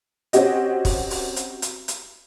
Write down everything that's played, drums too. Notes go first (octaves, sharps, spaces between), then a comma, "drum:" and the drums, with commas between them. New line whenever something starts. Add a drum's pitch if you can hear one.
C4 C#4 F#4 G4 D#5, drum: hi-hat
drum: kick, open hi-hat
drum: open hi-hat
drum: hi-hat
drum: hi-hat
drum: hi-hat